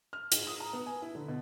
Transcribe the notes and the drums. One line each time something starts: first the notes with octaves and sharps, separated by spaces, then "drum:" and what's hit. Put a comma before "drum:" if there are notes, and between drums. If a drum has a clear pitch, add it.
F6
G#2, drum: hi-hat
D#6
A#5
B3
G#5
E4
D3
B2